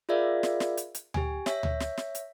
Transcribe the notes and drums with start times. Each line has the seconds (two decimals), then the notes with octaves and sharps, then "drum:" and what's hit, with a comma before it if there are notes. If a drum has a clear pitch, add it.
0.09 F4 G#4 A#4 D5 E5 F5
0.43 drum: snare
0.60 drum: snare
0.77 drum: hi-hat
0.95 drum: hi-hat
1.14 G4 G#5, drum: tom D2
1.46 C#5 E5 B6, drum: snare
1.63 drum: tom D2
1.80 drum: snare
1.97 drum: snare
2.15 drum: hi-hat